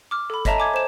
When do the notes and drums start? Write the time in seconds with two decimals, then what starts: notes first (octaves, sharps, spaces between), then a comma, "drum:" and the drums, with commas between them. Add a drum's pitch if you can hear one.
0.11 D6 F6
0.30 A4 B5
0.45 C#5 D#5 E5 A5 A#5, drum: kick G1, hi-hat
0.58 G#5 D6 G#6
0.74 C5 E7